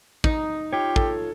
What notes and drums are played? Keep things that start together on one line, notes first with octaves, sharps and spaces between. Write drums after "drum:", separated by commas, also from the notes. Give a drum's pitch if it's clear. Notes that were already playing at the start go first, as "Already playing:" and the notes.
D#4, drum: kick
F4 G4 C#5
A4, drum: kick